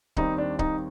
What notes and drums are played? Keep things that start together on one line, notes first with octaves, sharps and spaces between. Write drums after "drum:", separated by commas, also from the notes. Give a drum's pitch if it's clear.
D#2 D#3 G3 C4 D#4, drum: kick C#1
D4
D#4, drum: kick C#1